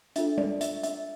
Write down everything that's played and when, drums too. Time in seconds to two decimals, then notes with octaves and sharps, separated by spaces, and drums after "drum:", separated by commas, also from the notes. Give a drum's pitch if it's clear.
0.16 D4 F4 A4 E5, drum: hi-hat
0.38 D5, drum: tom G3
0.61 E5, drum: hi-hat
0.83 E5, drum: hi-hat